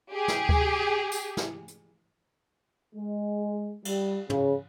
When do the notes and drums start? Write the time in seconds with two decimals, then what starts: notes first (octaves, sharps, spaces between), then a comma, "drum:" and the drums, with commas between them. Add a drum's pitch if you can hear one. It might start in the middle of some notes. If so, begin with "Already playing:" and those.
0.11 G4 G#4
0.28 drum: snare
0.49 drum: kick D2
1.12 drum: tambourine
1.37 drum: snare
1.68 drum: hi-hat
2.95 G#3
3.85 G3, drum: cymbal
4.30 C#3, drum: tom